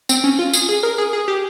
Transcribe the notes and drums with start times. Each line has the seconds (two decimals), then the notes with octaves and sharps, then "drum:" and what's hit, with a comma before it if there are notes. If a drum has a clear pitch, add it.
0.09 C4, drum: tambourine
0.24 C#4
0.39 F4
0.53 G#4, drum: tambourine
0.69 G#4
0.83 A#4
0.98 G#4
1.13 G#4
1.28 G4